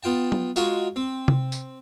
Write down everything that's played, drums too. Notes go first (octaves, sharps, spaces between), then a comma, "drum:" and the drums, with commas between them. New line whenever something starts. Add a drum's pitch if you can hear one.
B3 F4 G5 A5
drum: tom F#3
G#3 F4 F#4 A#4 G#5, drum: tambourine
C4
drum: tom C3
drum: tambourine